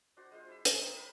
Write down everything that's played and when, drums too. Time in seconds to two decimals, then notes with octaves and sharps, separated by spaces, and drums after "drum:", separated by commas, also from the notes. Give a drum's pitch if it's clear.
0.17 D4 F#4 C5 F#5
0.32 G#3 F4 C5
0.48 E4 E5
0.65 G5, drum: hi-hat
0.79 C4 D#4
0.97 A#4 B5 E6